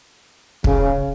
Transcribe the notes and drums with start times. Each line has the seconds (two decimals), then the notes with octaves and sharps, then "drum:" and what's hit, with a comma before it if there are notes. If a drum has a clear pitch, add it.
0.64 C#3, drum: kick